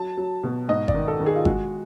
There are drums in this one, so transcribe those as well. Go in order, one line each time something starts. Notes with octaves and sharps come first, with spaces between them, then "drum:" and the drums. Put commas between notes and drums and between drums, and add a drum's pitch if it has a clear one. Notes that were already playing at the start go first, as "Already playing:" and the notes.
Already playing: F#3 A5
F#3
B2
G#2 D#5
D5, drum: kick G1
D#3
A4
D#3
G#4
F4
G#3 F#4, drum: kick G1